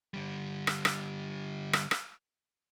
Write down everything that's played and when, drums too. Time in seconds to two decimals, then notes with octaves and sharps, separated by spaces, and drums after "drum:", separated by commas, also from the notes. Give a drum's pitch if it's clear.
0.14 D3 G3
0.67 drum: rim click
0.85 drum: rim click
1.73 drum: rim click
1.91 drum: rim click